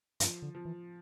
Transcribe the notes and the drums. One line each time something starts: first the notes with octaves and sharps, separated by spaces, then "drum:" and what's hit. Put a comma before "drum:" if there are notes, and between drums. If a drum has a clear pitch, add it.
G2 F3, drum: hi-hat
D3
F3
E3